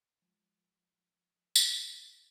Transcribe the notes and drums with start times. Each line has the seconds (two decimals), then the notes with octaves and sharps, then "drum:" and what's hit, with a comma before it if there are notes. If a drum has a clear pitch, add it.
0.22 F3 G#3
1.56 drum: tambourine